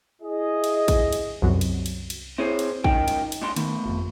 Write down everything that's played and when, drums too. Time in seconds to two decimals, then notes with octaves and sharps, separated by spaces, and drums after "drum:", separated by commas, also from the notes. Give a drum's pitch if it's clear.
0.22 E4 G#4 D#5
0.64 drum: cymbal
0.88 drum: kick, cymbal
1.12 drum: cymbal
1.42 C2 F#2 F#3
1.61 drum: cymbal
1.86 drum: cymbal
2.10 drum: cymbal
2.38 C4 E4 G#4 C5 C#5
2.59 drum: cymbal
2.84 C#2 D#3 D#4 G5, drum: kick
3.08 drum: cymbal
3.32 drum: cymbal
3.42 G#2 D4 C6
3.56 D#3 A3 B3, drum: cymbal
3.85 G1 F2